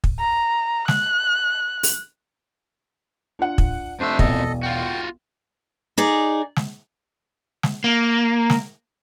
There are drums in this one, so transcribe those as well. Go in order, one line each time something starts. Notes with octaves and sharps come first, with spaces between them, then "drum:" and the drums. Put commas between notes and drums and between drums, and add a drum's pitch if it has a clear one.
drum: kick
A#5
F#6, drum: snare
drum: open hi-hat
D4 F4 F#5
drum: kick
F2 A3 D4 C5 E5
E1 B1 A4 D#5, drum: kick
F4 F#4 G5
D#4 G#4 D5
drum: snare
drum: snare
A#3
drum: snare